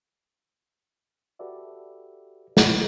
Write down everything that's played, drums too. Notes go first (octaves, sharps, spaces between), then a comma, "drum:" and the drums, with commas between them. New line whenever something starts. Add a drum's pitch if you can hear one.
F#4 G4 A4 B4 D5 E5
drum: snare